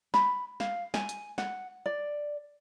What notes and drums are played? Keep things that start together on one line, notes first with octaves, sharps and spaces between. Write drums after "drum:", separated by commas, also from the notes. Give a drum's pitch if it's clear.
B5, drum: snare
F5, drum: snare
G#5, drum: snare
drum: hi-hat
F#5, drum: snare
D5